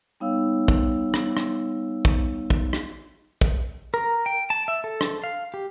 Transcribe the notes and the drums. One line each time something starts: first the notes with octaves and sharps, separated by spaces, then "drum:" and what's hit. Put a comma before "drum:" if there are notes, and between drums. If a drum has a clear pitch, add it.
G3 B3 D#4 C#5 F5 E6
drum: kick
drum: rim click
drum: rim click
drum: kick
drum: kick
drum: rim click
drum: kick
A#4
G5
A5
E5
A4
drum: rim click
F5
G4